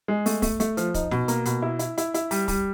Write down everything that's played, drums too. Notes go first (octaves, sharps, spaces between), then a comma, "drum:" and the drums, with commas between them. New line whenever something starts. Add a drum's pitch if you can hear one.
G#3
A3, drum: open hi-hat
A3, drum: kick, open hi-hat
A3, drum: hi-hat
F3, drum: hi-hat
D#4, drum: kick, hi-hat
B2, drum: snare
A#3, drum: hi-hat
B2, drum: hi-hat
E4
E4, drum: hi-hat
E4, drum: hi-hat
E4, drum: hi-hat
G3, drum: open hi-hat
G3, drum: kick, open hi-hat